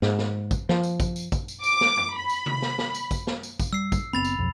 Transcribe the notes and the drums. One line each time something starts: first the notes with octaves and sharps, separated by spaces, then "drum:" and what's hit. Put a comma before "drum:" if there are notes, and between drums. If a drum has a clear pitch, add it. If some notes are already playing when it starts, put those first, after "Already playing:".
G#2, drum: snare
drum: snare
drum: kick, tambourine
F3, drum: snare
drum: tambourine
drum: kick, tambourine
drum: tambourine
drum: kick, tambourine
drum: tambourine
D6, drum: tambourine
drum: snare
drum: tom
B5
drum: tambourine
drum: tom C3
drum: snare
drum: snare
drum: tambourine
drum: kick, tambourine
drum: snare
drum: tambourine
drum: kick, tambourine
G3 E6 C7
drum: kick, tambourine
F#1 B3 C4 B5 A6 F7
drum: tambourine
B1 F2